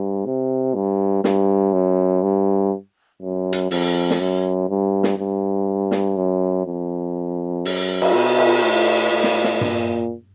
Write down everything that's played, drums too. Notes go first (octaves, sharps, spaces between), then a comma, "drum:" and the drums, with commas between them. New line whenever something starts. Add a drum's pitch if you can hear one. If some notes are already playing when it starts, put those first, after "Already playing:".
Already playing: G2
C3
G2
G2, drum: snare
F#2
G2
F#2
drum: hi-hat
F2, drum: open hi-hat
drum: snare
F#2
G2
drum: snare
G2
drum: snare
F#2
F2
F#2, drum: open hi-hat
drum: cymbal
B2
drum: cymbal
A2
A2
drum: snare
drum: snare
A#2, drum: tom G2